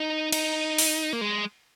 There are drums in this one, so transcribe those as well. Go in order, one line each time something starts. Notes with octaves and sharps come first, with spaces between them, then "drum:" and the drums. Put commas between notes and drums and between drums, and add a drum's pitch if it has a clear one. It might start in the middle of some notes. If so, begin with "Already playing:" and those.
Already playing: D#4
D#4, drum: cymbal
drum: open hi-hat
A#3
G#3